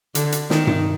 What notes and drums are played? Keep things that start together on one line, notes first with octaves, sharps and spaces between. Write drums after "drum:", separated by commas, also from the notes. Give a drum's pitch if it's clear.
D3, drum: hi-hat
drum: hi-hat
D#3, drum: snare
drum: tom G2